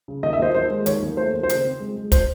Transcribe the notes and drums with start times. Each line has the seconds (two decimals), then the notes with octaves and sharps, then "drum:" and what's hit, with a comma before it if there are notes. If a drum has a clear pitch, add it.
0.08 C#3
0.23 D#2 D#5
0.33 E5
0.39 D#2 C5 D#5
0.54 D#2 C5
0.70 G#3
0.86 D#2 C#5, drum: hi-hat
1.02 D#2
1.17 A3 C5
1.33 D#2
1.43 C5
1.49 C#3, drum: hi-hat
1.65 C4
1.80 G#3
1.96 G#3
2.12 C5, drum: kick, hi-hat